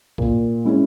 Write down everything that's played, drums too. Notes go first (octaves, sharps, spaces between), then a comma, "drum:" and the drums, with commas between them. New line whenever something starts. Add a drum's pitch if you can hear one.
A#2, drum: kick
G#3 C#4 E4